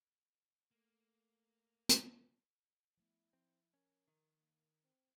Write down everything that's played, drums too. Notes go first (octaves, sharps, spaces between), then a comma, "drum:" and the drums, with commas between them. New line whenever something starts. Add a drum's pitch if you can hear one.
A3 A#3
drum: hi-hat
F3 A3 B3 E4
F3 C4
C#4 A#4
D#3
A#3
C4